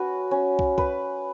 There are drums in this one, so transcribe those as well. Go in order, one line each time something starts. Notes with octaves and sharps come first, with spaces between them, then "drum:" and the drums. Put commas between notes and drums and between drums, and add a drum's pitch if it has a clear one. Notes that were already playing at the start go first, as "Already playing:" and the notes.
Already playing: C#4 F#4 B4
C#4
drum: kick
B4, drum: kick